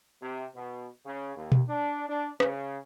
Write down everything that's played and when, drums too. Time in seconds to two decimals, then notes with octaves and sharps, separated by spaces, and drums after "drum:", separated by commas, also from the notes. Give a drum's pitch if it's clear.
0.21 C3
0.55 B2
1.04 C#3
1.36 D#2
1.52 drum: tom B2
1.67 D4
2.08 D4
2.40 C#3, drum: rim click